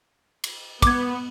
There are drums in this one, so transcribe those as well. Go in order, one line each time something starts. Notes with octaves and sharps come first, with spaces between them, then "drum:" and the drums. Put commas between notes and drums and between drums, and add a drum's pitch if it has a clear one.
drum: cymbal
B3 D6 G#6, drum: kick, cymbal